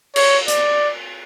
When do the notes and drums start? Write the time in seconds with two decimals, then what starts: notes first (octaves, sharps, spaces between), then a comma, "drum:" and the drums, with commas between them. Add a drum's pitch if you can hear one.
0.16 C#5, drum: cymbal
0.48 D5, drum: hi-hat